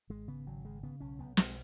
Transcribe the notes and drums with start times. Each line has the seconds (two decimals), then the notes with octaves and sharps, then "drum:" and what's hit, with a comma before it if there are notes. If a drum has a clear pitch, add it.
0.10 G#1 G#3
0.28 C#3 B3
0.46 G#1 F#3
0.65 C#3 G#3
0.83 C#3 B3
1.00 B1 C#4
1.19 B1 B3
1.37 B1 G#3, drum: snare